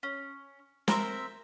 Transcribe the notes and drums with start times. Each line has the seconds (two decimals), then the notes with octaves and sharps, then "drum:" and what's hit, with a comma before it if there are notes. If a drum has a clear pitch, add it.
0.03 C#4
0.88 C4 A#4 C5 E5, drum: snare